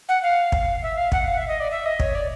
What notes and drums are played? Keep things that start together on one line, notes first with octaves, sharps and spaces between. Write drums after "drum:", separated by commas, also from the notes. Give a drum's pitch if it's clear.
F#5
F5
drum: kick
E5
F5
F#5, drum: kick
F5
E5
D#5
D5
E5
D#5
C#5, drum: kick
D5